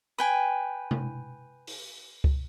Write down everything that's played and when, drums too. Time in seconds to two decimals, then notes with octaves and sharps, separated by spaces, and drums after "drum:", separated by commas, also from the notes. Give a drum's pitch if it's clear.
0.18 B4 G5 G#5
0.91 drum: tom C3
1.67 drum: open hi-hat
2.24 drum: kick C#2